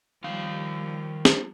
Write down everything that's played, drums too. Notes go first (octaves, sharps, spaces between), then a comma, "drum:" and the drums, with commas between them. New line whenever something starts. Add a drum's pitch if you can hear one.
D#3 F3 G3 F5
drum: snare